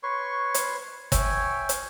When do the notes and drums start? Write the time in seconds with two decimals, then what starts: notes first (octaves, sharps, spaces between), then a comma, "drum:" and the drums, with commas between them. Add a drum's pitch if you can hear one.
0.03 B4 C#5 C6 C#6
0.54 drum: hi-hat
1.12 C#5 E5 G5 G#5, drum: kick, hi-hat
1.69 drum: hi-hat